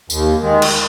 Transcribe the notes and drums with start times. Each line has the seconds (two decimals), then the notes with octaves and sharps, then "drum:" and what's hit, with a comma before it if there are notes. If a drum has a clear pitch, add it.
0.10 D#2, drum: tambourine
0.40 D#3 G#3
0.62 drum: cymbal